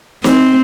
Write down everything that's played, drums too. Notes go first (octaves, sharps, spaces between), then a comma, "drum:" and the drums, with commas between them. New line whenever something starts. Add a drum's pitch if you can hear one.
C4, drum: snare